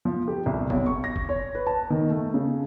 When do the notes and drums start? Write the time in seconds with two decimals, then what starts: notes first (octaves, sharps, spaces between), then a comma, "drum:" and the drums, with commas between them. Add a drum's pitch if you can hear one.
0.05 F3
0.28 G4
0.46 C2
0.70 B1, drum: kick F#1
0.86 C#6
1.04 A#6
1.16 drum: kick F#1
1.29 C#5
1.55 B4
1.67 A5
1.90 D#3
2.10 A3
2.34 C#3